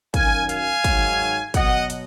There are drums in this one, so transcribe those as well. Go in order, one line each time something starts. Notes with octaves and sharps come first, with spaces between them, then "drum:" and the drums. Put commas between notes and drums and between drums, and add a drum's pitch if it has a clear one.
F#2 D#3 F#3 F5 G#5, drum: kick, hi-hat
F5 G#5, drum: hi-hat
G#2 D#3 F#3, drum: kick, hi-hat
B2 F#3 D#5 F#5, drum: kick, hi-hat
drum: hi-hat